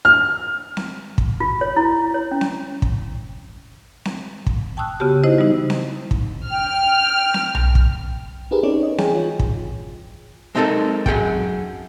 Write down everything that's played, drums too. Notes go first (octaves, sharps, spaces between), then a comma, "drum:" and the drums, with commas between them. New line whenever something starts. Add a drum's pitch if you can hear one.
F6
drum: snare C4
drum: kick
F4
C#5
E4
C#5
C#4
drum: snare C4
drum: kick
drum: snare C4
drum: kick
G5 A5 C#6 D#6 E6 F#6
C#3 B3 F#4 G4 A5
D#4 E4 C5 D#5
E3 G3 B3 D#4
drum: snare C4
drum: kick
G5 F6
drum: snare C4
drum: tom B1
drum: kick
D#4 G4 G#4 A#4 B4
C4 C#4 D#4 C#5 D5
D#5
E3 G#4 C#5 G5 G#5, drum: snare C4
F4
drum: kick
G#3 C4 D#4 F#4 A4 A#4
F#2 G#4 F#5 G5, drum: kick